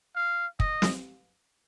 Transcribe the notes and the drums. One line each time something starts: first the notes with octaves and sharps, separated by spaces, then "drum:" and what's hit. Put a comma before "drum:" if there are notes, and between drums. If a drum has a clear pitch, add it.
F5
D#5, drum: kick
drum: snare